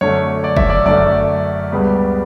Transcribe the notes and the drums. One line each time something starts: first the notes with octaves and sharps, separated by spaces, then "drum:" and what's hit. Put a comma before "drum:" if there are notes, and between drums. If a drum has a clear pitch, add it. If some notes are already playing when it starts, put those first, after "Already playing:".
F#2 D3 A3 C#5
D5
E5, drum: kick
D5
F#2 D3 A3 D5
C#2 C#3 G3 B3